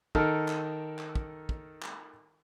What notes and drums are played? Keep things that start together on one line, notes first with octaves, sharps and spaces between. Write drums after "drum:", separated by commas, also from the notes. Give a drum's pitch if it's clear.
D#3 A4 A#4, drum: kick
drum: clap
drum: clap
drum: kick
drum: kick
drum: clap